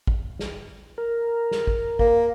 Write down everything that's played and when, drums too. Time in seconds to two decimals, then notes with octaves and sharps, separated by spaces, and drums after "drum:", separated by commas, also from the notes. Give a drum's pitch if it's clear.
0.07 drum: kick
0.39 drum: snare
0.98 A#4
1.51 drum: snare
1.67 drum: kick
1.99 A#3, drum: kick